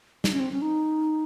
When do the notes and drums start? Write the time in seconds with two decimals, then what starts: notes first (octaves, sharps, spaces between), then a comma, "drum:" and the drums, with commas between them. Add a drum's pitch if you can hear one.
0.24 D#4, drum: snare
0.33 C#4
0.40 C4
0.52 C#4
0.62 D#4